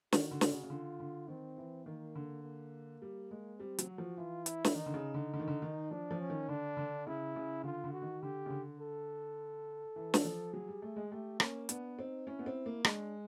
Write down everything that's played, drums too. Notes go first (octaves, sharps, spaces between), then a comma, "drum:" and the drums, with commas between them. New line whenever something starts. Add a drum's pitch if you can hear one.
D#3 F#4, drum: snare
D3
drum: snare
C#3
C#3
D3 F4
D3
D#3 C4
E3
D#3 A#3
D3
A#3
G3
G#3
G3 C4
F#3, drum: hi-hat
F#4
F3
E3 F4
E4, drum: hi-hat
drum: snare
D#3 D#4
D3
C#3
D3
D3
D#3
D3
D#3
F3 D4
F3
C#4
D#3
D3 D4
D3
C#3 E4
C#3
D3 F4
D3
F#4
D#3
D3 G4
C#3
D3
A4
E3
drum: snare
F3
F#3 G#4
G3
A3
G#3
A3 G4
A#3 C#4, drum: rim click
B3 D4, drum: hi-hat
C4 D#4
C#4 E4
B3
C4
A#3
G#3 D4, drum: rim click